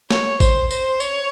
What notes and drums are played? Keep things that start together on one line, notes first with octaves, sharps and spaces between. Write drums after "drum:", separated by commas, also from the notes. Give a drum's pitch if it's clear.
C#5, drum: snare
C5, drum: kick G#1, tambourine
C5, drum: tambourine
C#5, drum: tambourine